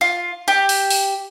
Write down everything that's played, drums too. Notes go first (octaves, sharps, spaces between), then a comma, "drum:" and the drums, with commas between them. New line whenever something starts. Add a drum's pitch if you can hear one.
F4
G4
drum: open hi-hat
drum: open hi-hat